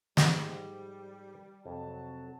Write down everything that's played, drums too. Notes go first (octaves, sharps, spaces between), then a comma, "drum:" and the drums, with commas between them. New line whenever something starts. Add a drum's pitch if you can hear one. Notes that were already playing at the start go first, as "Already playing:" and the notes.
G#2 F3 G3, drum: snare
F2 C3 F#3 A5